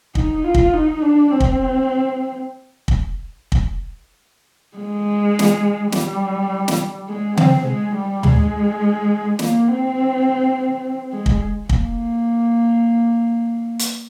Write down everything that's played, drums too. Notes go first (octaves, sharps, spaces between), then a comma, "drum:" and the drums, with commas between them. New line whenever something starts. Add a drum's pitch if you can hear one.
D#4, drum: kick
F4
drum: kick
D#4
D4
C4
drum: kick
drum: kick
drum: kick
G#3
drum: snare
G3, drum: snare
drum: snare
G#3
C4, drum: tom C#3
G#3
G3
G#3, drum: tom
A#3, drum: snare
C4
G#3
drum: kick
A#3, drum: kick
drum: hi-hat